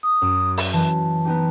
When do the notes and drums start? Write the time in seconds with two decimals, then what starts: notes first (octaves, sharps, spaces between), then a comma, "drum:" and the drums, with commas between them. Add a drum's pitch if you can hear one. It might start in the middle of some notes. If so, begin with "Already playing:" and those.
0.03 D#6
0.22 F#2
0.57 drum: open hi-hat
0.73 E3 A5
1.25 B3 D#4 G4